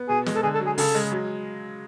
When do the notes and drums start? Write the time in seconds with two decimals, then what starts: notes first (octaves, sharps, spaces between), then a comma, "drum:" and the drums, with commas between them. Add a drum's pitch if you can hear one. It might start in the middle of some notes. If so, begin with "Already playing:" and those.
Already playing: B3
0.09 B2 G#4
0.26 G#3, drum: snare
0.35 A4
0.43 D3 G#4
0.54 A4
0.60 F#3
0.66 G#4
0.78 C#3 A4, drum: open hi-hat
0.95 G#3
1.12 F#3